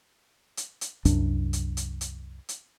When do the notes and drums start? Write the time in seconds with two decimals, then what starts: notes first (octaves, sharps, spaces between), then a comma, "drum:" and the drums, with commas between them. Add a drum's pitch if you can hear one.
0.57 drum: hi-hat
0.81 drum: hi-hat
1.05 C2 F#2 D4, drum: hi-hat
1.53 drum: hi-hat
1.77 drum: hi-hat
2.01 drum: hi-hat
2.49 drum: hi-hat